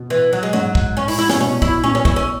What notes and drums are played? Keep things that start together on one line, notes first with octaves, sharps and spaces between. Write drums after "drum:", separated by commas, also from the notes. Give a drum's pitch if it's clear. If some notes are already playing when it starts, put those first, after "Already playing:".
Already playing: B2
E3
F#3
G#3
G#2 F#3
drum: kick
C#4
E4, drum: open hi-hat
E4
C#4, drum: snare
B2 C#4
E4, drum: kick
B2 C#4
C#4
E4, drum: kick
C#4